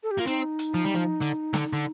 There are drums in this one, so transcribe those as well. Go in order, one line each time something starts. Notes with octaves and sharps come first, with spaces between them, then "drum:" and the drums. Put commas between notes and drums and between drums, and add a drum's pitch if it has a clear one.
A4
G4
A#3 F4
C4 D#4, drum: hi-hat
drum: hi-hat
F3
G3
F3
D3, drum: hi-hat
D3, drum: snare
D3